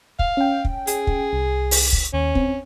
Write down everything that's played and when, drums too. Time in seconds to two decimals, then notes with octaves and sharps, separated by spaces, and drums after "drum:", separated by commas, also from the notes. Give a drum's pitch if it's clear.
0.19 F5, drum: kick
0.37 C#4 G5
0.65 drum: kick
0.87 G#4, drum: hi-hat
1.07 drum: kick
1.33 C2
1.71 drum: open hi-hat
1.93 drum: kick
2.13 D#2 C#4
2.35 C4, drum: kick